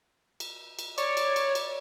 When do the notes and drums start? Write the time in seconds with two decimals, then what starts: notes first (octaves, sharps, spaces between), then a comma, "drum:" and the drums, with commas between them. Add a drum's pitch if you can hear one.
0.40 drum: cymbal
0.79 drum: cymbal
0.98 C#5 D5, drum: cymbal
1.17 drum: cymbal
1.36 drum: cymbal
1.55 drum: cymbal